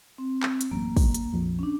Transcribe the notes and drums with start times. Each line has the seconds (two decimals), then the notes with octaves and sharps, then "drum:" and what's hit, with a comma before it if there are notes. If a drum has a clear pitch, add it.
0.18 C4
0.43 drum: clap
0.61 drum: hi-hat
0.71 A1 F#2 A#3
0.97 drum: kick, open hi-hat
1.14 drum: hi-hat
1.32 A#1 F2 F3
1.59 C#4 D4